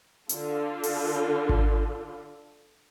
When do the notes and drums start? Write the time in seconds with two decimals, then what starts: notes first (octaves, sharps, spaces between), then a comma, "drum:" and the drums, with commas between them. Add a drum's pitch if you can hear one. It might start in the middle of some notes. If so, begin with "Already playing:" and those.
0.29 D3 F4 A4, drum: hi-hat
0.83 drum: open hi-hat
1.49 drum: kick G#1